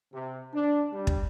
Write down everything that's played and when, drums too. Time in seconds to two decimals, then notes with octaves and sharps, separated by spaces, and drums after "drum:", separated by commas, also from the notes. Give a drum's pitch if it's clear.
0.13 C3
0.54 D4
0.92 G3
1.07 drum: kick